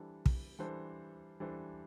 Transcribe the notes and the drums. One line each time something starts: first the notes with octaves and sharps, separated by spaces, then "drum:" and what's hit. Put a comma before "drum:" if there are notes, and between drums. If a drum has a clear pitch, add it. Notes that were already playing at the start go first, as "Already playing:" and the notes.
Already playing: E3 G3 D4 A4 C5
drum: kick
E3 G3 D4 A4 C5
E3 G3 D4 A4 C5